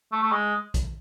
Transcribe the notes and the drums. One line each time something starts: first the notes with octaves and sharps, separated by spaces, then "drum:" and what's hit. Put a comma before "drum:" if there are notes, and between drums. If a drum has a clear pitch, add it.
A3
A3
G#3
drum: kick A#1, hi-hat